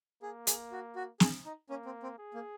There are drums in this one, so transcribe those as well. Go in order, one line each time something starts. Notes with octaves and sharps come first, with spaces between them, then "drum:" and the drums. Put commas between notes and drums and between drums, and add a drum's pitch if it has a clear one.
A#3 G#4
G#4, drum: hi-hat
F#4
F#4
G#4, drum: snare
D#4
A#3 C#4
C4
C4
G#4
A#3